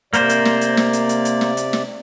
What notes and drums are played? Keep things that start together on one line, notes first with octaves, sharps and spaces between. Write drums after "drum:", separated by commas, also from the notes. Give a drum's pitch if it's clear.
C3 A#3 A#4 C5 D5, drum: hi-hat
drum: hi-hat
drum: snare
drum: hi-hat
drum: snare
drum: hi-hat
drum: hi-hat
drum: hi-hat
drum: snare
drum: hi-hat
drum: snare